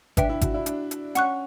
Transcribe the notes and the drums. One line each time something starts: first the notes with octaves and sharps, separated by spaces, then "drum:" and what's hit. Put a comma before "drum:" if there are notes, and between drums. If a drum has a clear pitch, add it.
D4 B4 E5 G5, drum: kick G#1, hi-hat
E4
F#4, drum: kick G#1, hi-hat
E4
D4, drum: hi-hat
drum: hi-hat
C#4 F#5 C#6 F#6, drum: hi-hat